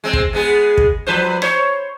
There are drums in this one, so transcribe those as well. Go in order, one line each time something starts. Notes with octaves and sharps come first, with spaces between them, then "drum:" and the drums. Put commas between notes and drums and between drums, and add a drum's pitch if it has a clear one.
G#3 C4
drum: kick
G#3 B3 G#4
drum: kick
F3 B4 C5
C5 C#5, drum: rim click